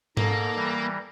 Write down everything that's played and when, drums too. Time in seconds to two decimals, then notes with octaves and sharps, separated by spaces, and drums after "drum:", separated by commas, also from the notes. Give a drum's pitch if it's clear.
0.17 G#2 A#3 A4 A#5, drum: tom G#2
0.55 E3 G3